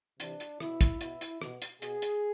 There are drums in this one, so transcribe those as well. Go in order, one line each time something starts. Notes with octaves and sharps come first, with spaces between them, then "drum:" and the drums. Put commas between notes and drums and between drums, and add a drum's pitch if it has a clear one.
C3 E3 D4, drum: hi-hat
drum: hi-hat
B2 E4, drum: rim click
drum: kick, hi-hat
B2 E4, drum: hi-hat
drum: hi-hat
B2, drum: rim click
drum: hi-hat
B2 G#4, drum: hi-hat
drum: hi-hat